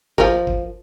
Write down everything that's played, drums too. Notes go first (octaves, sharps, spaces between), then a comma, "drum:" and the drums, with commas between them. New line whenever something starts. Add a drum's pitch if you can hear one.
F3 A#4, drum: kick G1
drum: kick G1